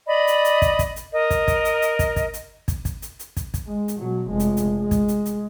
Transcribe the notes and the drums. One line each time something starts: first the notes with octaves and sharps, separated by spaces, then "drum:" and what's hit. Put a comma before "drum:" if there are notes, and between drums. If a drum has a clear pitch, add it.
D5 D#5 B5
drum: hi-hat
drum: hi-hat
drum: kick, hi-hat
drum: kick, hi-hat
drum: hi-hat
A#4 D#5
drum: kick, hi-hat
drum: kick, hi-hat
drum: hi-hat
drum: hi-hat
drum: kick, hi-hat
drum: kick, hi-hat
drum: hi-hat
drum: kick, hi-hat
drum: kick, hi-hat
drum: hi-hat
drum: hi-hat
drum: kick, hi-hat
drum: kick, hi-hat
G#3
drum: hi-hat
B2 F#3
F1 G#3
drum: hi-hat
drum: hi-hat
G#3
drum: kick, hi-hat
drum: hi-hat
drum: hi-hat